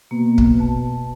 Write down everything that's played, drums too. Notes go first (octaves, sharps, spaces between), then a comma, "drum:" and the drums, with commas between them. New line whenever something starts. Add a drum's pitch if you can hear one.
B2 A#3
drum: kick
A5